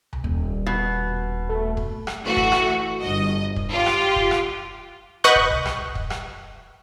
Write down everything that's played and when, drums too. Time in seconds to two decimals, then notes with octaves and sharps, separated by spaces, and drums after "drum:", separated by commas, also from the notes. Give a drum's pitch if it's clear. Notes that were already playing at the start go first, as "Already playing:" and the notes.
0.13 drum: tom C2
0.24 D#1
0.67 B2
1.49 A3
1.77 drum: kick
2.07 drum: rim click
2.23 E3 A3 F#4
2.37 drum: kick
2.52 drum: rim click
3.01 G1 D#5
3.56 drum: kick
3.71 F4 G4
3.86 drum: rim click
4.16 drum: kick
4.31 drum: rim click
5.24 B4 D#5 F#5 C#6 F#6 G6
5.36 drum: kick
5.51 drum: tom C2
5.65 drum: rim click
5.95 drum: kick
6.10 drum: rim click